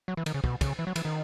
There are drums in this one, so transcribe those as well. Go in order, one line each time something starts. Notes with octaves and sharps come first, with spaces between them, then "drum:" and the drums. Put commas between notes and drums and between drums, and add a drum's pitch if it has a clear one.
F#3
E3
D#3, drum: cymbal
C#3
B2, drum: kick
C#3, drum: kick, cymbal
E3
F#3
E3, drum: cymbal
D#3